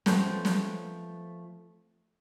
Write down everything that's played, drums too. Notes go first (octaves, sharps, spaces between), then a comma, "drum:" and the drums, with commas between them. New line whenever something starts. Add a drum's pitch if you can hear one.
F3 A3 B3 C4 C5, drum: snare
drum: snare